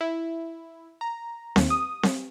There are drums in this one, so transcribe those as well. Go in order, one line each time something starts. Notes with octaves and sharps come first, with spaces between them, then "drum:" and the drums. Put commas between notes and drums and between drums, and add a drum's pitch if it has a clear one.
E4
A#5
D#2, drum: snare C4
D#6
drum: snare C4